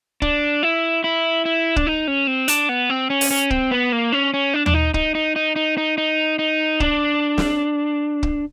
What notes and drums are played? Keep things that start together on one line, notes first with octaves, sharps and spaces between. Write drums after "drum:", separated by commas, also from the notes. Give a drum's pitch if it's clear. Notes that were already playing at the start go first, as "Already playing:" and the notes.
D4, drum: kick
E4
E4
E4
D4, drum: kick
D#4
C#4
C4
D4, drum: hi-hat
B3
C4
C#4
drum: open hi-hat
C#4
C4, drum: kick
B3
A#3
C#4
C#4
D4
D4, drum: tom D#2
D#4
D#4, drum: kick
D#4
D#4
D#4
D#4
D#4
D#4
D4, drum: kick
drum: snare
drum: kick